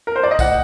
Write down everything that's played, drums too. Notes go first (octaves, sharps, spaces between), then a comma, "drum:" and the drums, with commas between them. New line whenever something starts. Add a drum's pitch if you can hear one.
A#4
C5
D5
D#5
A2 F#5, drum: kick, tambourine